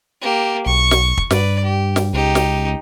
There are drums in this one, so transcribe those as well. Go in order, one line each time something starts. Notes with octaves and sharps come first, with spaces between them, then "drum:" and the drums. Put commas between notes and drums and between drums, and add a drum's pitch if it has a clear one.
A#3 G4
B1 C#6
drum: snare
drum: kick
G2 B4 D5, drum: snare
G4
drum: snare
C#2 D#4 G4
drum: snare